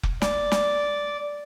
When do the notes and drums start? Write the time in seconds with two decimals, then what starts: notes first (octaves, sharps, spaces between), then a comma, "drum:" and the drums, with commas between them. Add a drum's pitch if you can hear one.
0.03 drum: kick F1
0.22 D5, drum: snare
0.52 drum: snare